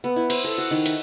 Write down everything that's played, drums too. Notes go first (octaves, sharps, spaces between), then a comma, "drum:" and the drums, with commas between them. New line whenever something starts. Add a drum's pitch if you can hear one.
B3
E4
C5, drum: cymbal
A4
F#4
D#3
E5, drum: cymbal